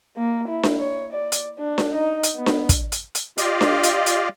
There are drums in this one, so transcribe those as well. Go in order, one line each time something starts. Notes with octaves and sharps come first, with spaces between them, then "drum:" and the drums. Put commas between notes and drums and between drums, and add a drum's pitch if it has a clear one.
A#3
E4
drum: snare D4
C#5
D5
drum: hi-hat
D4
drum: snare D4
D#4
drum: hi-hat
B3
drum: snare D4
drum: kick, hi-hat
drum: hi-hat
drum: hi-hat
F4 G4 D5 D#5 F5, drum: hi-hat
drum: snare D4
drum: hi-hat
drum: hi-hat